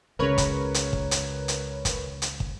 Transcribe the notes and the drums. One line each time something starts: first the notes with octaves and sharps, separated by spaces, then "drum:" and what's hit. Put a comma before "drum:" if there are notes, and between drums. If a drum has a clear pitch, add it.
C#2 C#3 A#4 B4 C#5
drum: kick, hi-hat
drum: hi-hat
drum: kick
drum: hi-hat
drum: hi-hat
drum: kick, hi-hat
drum: hi-hat
drum: kick